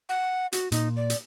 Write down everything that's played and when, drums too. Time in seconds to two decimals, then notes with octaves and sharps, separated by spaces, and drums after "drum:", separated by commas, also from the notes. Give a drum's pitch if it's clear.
0.09 F#5
0.52 F#4, drum: hi-hat
0.72 A#2 D#4, drum: hi-hat
0.96 D5
1.10 drum: hi-hat